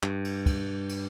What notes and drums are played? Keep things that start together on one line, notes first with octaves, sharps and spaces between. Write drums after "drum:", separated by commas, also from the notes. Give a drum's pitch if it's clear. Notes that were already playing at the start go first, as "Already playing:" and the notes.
G2, drum: clap
drum: cymbal
drum: kick, cymbal
drum: cymbal